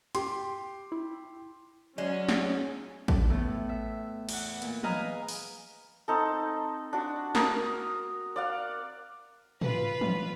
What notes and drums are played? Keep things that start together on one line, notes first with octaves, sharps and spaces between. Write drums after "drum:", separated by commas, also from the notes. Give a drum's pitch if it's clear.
G4 C6, drum: hi-hat
E4
F#3 G#3 C#4 D5
drum: snare
drum: kick
A2 B3
E5
E2 F#5, drum: cymbal
A#2, drum: hi-hat
G#4 B4 D#5 F5 G#5 A#5, drum: tom
drum: open hi-hat
C4 D#4 A4
D4 F#4
A#4 D#6, drum: snare
D5 F5 F#5
F4 B4, drum: tom
drum: tom